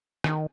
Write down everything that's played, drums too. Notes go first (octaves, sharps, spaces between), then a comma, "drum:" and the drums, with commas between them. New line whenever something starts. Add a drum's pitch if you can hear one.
D#3, drum: rim click